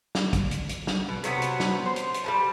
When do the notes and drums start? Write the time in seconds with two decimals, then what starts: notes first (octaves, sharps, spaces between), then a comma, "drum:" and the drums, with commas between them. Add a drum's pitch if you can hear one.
0.15 drum: snare
0.33 drum: kick, hi-hat
0.51 drum: hi-hat
0.69 drum: hi-hat
0.87 drum: snare
1.09 B2
1.24 C3 F#3 A#3 B3, drum: hi-hat
1.42 drum: hi-hat
1.60 drum: snare
1.86 C5
1.96 drum: hi-hat
2.14 drum: hi-hat
2.24 G3 B3 A5